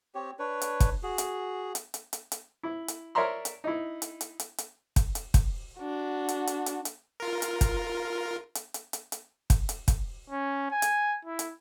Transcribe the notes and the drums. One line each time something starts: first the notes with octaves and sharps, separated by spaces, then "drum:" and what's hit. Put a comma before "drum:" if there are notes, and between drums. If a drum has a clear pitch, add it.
C4 G4 C#5
D4 B4 C#5
drum: hi-hat
drum: kick, hi-hat
F#4 G#4
drum: hi-hat
drum: hi-hat
drum: hi-hat
drum: hi-hat
drum: hi-hat
E4
drum: hi-hat
A#4 C#5 D5 E5 A#5 C6
drum: hi-hat
D#4 E4
drum: hi-hat
drum: hi-hat
drum: hi-hat
drum: hi-hat
drum: kick, hi-hat
drum: hi-hat
drum: kick, hi-hat
D4 F#4
drum: hi-hat
drum: hi-hat
drum: hi-hat
drum: hi-hat
F4 A#4
drum: hi-hat
drum: kick, hi-hat
drum: hi-hat
drum: hi-hat
drum: hi-hat
drum: hi-hat
drum: kick, hi-hat
drum: hi-hat
drum: kick, hi-hat
C#4
G#5
drum: hi-hat
E4
drum: hi-hat